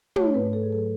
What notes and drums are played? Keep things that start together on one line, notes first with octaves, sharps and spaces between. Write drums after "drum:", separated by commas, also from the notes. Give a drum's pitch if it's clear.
A3 C#5, drum: tom
G#2 B4
G#2 A4
G#4
F#3 A4